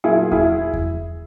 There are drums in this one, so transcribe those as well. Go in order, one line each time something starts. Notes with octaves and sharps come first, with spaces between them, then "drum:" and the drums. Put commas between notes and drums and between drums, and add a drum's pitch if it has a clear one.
A#2 F#3 E4 G#4
E4 G#4, drum: kick E2
drum: kick E2